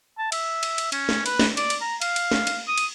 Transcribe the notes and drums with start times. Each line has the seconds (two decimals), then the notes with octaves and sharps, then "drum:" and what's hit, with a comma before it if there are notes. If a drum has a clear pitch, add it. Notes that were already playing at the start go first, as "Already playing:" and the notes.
0.18 A5
0.32 E5, drum: cymbal
0.63 drum: cymbal
0.78 drum: cymbal
0.92 C#4, drum: cymbal
1.09 drum: snare
1.26 B4, drum: cymbal
1.39 drum: snare
1.57 D5, drum: cymbal
1.70 drum: cymbal
1.81 A#5
2.01 F5, drum: cymbal
2.16 drum: cymbal
2.32 drum: snare
2.47 drum: cymbal
2.68 D#6
2.78 drum: cymbal